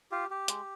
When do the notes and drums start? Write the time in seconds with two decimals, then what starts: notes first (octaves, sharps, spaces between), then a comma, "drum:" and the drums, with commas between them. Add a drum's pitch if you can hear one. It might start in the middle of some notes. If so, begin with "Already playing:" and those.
0.11 F4 G4
0.31 G4
0.48 G#3, drum: hi-hat